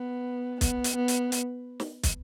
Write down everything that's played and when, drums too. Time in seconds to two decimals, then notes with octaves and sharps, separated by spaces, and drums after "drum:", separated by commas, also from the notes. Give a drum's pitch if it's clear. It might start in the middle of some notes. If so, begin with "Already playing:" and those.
Already playing: B3
0.61 B3, drum: kick, hi-hat
0.84 drum: hi-hat
0.96 B3
1.08 drum: hi-hat
1.32 drum: hi-hat
1.80 drum: snare
2.03 drum: kick, hi-hat